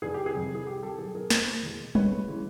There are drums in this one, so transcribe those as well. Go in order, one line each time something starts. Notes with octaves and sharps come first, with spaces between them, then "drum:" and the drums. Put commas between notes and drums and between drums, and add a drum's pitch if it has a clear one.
F1 G#4
G4
G#4
F2 C3
G#4
C2 G4
G4 A4
G4
B2 F#3 G#4
G#4 A#4
E1 A#4 C5, drum: snare
E2 B2 G#3
C#2 B4 C#5, drum: tom G3
C#3 E3 G#3